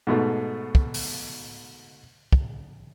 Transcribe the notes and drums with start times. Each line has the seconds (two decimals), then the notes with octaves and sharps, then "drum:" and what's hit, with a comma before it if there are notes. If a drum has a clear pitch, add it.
0.07 G#2 B2 A3
0.75 drum: kick
0.94 drum: open hi-hat
2.32 drum: kick